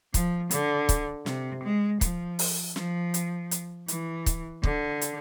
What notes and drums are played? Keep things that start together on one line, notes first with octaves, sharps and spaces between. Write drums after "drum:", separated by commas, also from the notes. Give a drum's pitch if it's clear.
F3, drum: kick, hi-hat
D3, drum: hi-hat
drum: kick, hi-hat
C3, drum: snare
G#3
F3, drum: kick, hi-hat
drum: open hi-hat
F3, drum: snare
drum: hi-hat
drum: hi-hat
E3, drum: hi-hat
drum: kick, hi-hat
D3, drum: kick
drum: hi-hat